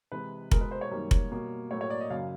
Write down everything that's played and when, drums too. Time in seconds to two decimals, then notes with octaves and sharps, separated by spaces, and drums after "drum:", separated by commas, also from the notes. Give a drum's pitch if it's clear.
0.12 C3 E3 G#3 B4
0.52 B2 G#3 A#4, drum: kick F1
0.61 B4
0.71 C5
0.81 C#5
0.91 F#2 D#3 G3 A#3
1.11 drum: kick F1
1.31 B2 G3 A#3
1.71 A2 F#3 A#3 C#5
1.81 C#5
1.90 D5
2.01 D#5
2.10 F#2 C#3 F#3 F5